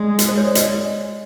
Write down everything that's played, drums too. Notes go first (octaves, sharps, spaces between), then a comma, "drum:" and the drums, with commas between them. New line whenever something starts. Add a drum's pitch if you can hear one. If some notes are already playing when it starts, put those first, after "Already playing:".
Already playing: G#3 D5
drum: hi-hat
C5
C#5
D5
D#5, drum: hi-hat
D5